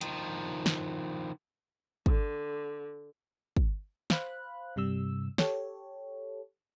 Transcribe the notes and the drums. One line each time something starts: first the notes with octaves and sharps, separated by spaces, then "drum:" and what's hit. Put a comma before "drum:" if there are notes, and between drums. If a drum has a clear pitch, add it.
D#3 F3, drum: hi-hat
drum: snare
D3, drum: kick
drum: kick
C5 F5 B5 F#6, drum: snare
G2 C3 G3 E6
G4 A4 C#5, drum: snare